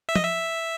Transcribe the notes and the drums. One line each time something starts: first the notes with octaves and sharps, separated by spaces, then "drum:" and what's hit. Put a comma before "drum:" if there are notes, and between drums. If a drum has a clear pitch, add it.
E5
D#5, drum: tom
E5